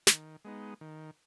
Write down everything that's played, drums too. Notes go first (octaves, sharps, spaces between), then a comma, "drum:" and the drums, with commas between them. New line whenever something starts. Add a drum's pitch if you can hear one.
D#3, drum: snare
G#3 B3 D#4
D#3